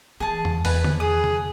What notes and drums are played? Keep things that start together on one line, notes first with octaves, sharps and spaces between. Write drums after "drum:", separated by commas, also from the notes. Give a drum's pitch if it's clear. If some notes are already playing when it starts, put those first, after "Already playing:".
E3 G#4 A5
drum: tom E2
E2 B4 G#5, drum: open hi-hat
drum: tom D3
G#4 D#6
drum: tom C3